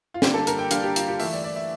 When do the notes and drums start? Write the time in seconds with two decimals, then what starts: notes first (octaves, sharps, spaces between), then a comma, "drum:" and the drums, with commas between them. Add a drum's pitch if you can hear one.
0.14 F4
0.22 D3 G3 A#3 D4 G4, drum: snare
0.34 A4
0.47 A#4, drum: hi-hat
0.59 G5
0.71 D3 G3 A#3 D4 F5, drum: hi-hat
0.83 G4
0.96 F4, drum: hi-hat
1.08 G4
1.20 E3 A3 E4 E5, drum: open hi-hat
1.33 D5
1.44 D5
1.56 E5